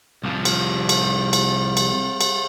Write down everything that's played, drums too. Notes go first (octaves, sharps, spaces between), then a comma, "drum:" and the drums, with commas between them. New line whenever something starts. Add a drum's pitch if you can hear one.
C2 F3
drum: cymbal
drum: cymbal
drum: cymbal
drum: cymbal
drum: cymbal